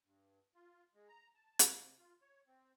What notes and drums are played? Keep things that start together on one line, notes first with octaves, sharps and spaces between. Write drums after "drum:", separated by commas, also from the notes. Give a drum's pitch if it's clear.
G2
F4
G#3
A#5
A5
F3, drum: hi-hat
C3
F4
C#5
C4